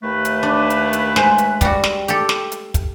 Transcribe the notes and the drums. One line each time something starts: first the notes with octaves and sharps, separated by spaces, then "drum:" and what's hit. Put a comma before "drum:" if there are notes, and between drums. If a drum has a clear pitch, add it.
D#2 A3 B4
drum: hi-hat
D4
drum: hi-hat
drum: hi-hat
G#3 C5, drum: snare
drum: hi-hat
G3 F#4, drum: kick, hi-hat
drum: snare
G4 A4, drum: hi-hat
drum: snare
drum: hi-hat
drum: kick, hi-hat